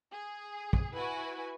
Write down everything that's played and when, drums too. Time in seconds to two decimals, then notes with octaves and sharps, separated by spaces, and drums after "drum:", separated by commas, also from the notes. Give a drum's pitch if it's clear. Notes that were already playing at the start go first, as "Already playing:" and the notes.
0.11 G#4
0.73 drum: kick
0.95 E4 F#4 B4 G#5